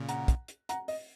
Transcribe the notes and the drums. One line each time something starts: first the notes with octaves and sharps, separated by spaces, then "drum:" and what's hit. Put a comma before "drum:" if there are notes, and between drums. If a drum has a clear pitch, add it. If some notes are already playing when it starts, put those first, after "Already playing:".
Already playing: A#2 C#3
F#5 A#5, drum: hi-hat
drum: kick, hi-hat
drum: hi-hat
F#5 A#5, drum: hi-hat
D#5, drum: open hi-hat